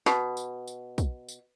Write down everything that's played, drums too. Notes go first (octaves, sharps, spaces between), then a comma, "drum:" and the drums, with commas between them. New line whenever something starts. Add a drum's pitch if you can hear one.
B2, drum: snare
drum: tambourine
drum: tambourine
drum: kick, tambourine
drum: tambourine